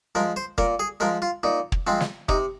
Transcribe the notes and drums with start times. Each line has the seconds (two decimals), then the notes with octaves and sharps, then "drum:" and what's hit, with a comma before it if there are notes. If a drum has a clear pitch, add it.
0.15 F3 G#3 A#4
0.36 C5
0.58 A#2 A#4, drum: kick
0.79 G#4
1.00 F3 G#3 A#4
1.22 F4
1.43 A#2 D#4
1.72 drum: kick
1.87 F3 G#3 C4
2.00 drum: snare
2.29 C3 D#4, drum: kick